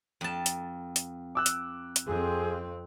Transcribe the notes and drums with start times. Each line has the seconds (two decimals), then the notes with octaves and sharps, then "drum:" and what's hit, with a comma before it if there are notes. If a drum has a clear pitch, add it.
0.21 F2 A5
0.46 drum: hi-hat
0.96 drum: hi-hat
1.35 D6 E6 F#6
1.46 drum: hi-hat
1.96 drum: hi-hat
2.07 F2 C4 G#4